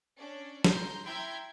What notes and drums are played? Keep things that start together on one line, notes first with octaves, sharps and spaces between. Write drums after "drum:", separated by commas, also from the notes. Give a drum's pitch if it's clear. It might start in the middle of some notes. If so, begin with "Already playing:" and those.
C#4 D4 D5
A#5 C6 G6, drum: snare
E4 G5 A#5 C6 G6 G#6